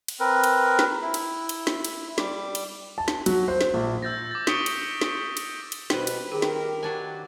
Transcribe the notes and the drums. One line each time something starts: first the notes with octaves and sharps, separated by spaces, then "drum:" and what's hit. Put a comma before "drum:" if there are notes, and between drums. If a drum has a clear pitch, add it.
drum: cymbal
C4 A#4 B4
drum: cymbal
drum: snare
E4
drum: cymbal
drum: cymbal
drum: snare
drum: cymbal
G3 D6, drum: snare
drum: cymbal
A5
drum: snare
F#3, drum: cymbal
C5
drum: snare
A#1
E6 G6 A6 A#6
D6 A6
C#6 D#6 B6 C#7 D7 G7, drum: snare
drum: cymbal
drum: snare
drum: cymbal
drum: cymbal
B2 G3 B4 C5 G5, drum: snare
drum: cymbal
D#3 G4 G#4 A#4
drum: snare
F#3 D4 G#5